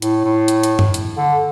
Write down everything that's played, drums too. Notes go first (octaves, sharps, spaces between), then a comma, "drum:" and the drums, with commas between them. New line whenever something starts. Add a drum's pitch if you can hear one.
A2, drum: hi-hat
A2
drum: hi-hat
drum: hi-hat
drum: tom G2
drum: hi-hat
D3